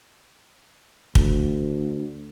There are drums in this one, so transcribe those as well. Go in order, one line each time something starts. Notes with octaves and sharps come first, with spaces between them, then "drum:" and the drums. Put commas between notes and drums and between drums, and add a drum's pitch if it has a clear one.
D2, drum: kick